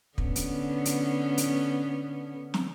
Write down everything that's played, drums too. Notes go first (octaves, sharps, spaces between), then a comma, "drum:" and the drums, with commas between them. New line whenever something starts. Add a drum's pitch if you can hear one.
D3 B3 C#4, drum: kick
drum: hi-hat
drum: hi-hat
drum: hi-hat
drum: snare